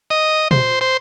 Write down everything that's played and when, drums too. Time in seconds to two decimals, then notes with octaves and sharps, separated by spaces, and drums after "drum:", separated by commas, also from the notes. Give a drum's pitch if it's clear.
0.10 D#5
0.51 C5, drum: tom
0.81 C5